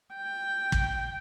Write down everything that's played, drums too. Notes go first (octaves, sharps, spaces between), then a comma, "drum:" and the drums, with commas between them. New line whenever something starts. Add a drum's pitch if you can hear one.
G5
drum: kick